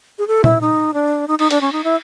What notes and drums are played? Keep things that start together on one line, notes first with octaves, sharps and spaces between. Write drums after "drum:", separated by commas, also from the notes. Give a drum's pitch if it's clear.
G#4
A4
E4, drum: tom A#2
D#4
D4
D#4
D#4, drum: cymbal
D4, drum: hi-hat
C#4
D#4
E4